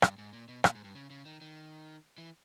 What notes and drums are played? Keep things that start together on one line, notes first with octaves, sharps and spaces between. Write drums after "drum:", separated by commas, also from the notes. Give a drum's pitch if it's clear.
G2, drum: rim click
G#2
A#2
B2
A#2, drum: rim click
G#2
G2
C#3
C#3
D#3
D#3
E3